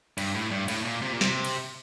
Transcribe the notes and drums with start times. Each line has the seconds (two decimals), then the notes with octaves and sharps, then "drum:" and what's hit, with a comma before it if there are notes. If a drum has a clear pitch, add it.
0.18 G2, drum: cymbal
0.35 A2
0.51 G2
0.68 A2, drum: cymbal
0.85 A#2
1.02 C3
1.13 A#2
1.21 C3, drum: snare
1.45 drum: cymbal